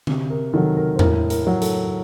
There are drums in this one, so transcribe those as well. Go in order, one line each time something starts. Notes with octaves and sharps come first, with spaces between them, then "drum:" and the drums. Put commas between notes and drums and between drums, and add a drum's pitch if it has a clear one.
C3, drum: tom D3
A#4
D#3 F#3 A4
A#4
C5
A2 A#4, drum: tom E2
A#4, drum: hi-hat
F#3
A4, drum: hi-hat